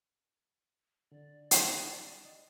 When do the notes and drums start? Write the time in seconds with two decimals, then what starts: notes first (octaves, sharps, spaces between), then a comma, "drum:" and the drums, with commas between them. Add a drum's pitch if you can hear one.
1.12 D3 D5
1.51 drum: hi-hat
2.25 D#5